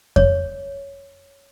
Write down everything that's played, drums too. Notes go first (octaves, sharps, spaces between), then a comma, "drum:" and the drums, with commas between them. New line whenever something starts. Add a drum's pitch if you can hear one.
C#5, drum: kick F2